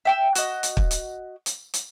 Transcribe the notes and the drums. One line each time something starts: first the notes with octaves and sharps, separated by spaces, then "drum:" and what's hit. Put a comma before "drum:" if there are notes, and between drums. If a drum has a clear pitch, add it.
E5 G5 E6
F#4 D#5, drum: hi-hat
drum: hi-hat
drum: kick
drum: hi-hat
drum: hi-hat
drum: hi-hat